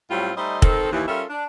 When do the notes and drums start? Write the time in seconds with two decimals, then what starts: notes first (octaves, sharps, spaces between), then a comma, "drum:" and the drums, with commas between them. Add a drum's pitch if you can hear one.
0.11 A2 F#3 G3 C4 C#4 F4
0.37 G3 A3 D#4 C5 D5 D#5
0.62 D#3 C4 A4, drum: kick
0.92 D#2 E3
1.08 G3 C#4 F4 A4 A#4 E5
1.30 D4